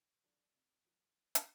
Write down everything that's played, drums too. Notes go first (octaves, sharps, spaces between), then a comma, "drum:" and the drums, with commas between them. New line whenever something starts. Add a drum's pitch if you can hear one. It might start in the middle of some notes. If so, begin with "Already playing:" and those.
Already playing: D#3
F#3 A3 D4
C3
D#3 F#3
drum: hi-hat